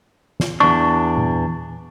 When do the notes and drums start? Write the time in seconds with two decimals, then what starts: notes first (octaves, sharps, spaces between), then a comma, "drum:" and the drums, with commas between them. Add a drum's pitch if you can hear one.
0.40 drum: snare
0.60 E2 D4 C#6
1.18 drum: tom A#2